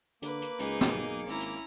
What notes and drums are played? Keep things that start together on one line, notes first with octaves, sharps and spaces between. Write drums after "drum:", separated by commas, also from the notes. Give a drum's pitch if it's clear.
D3 A#3 B4 D6, drum: hi-hat
drum: hi-hat
C#2 D#4 G#4, drum: hi-hat
drum: snare
B1
G#1 C#4 E4 A#5
drum: hi-hat